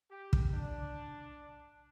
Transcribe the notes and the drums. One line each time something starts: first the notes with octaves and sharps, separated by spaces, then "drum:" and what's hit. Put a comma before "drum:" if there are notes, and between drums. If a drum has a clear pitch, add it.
G4
drum: kick
D4